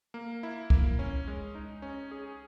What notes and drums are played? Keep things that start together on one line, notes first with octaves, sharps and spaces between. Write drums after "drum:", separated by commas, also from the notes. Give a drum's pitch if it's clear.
A#3
E4
A#3, drum: kick C2
C#4
G#3
D#4
C#4
G#4